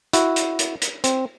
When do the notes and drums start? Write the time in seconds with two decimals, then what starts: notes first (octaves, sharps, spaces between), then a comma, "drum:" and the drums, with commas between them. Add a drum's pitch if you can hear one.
0.13 E4 F#4, drum: hi-hat
0.36 drum: hi-hat
0.59 drum: hi-hat
0.82 drum: hi-hat
1.04 C4, drum: hi-hat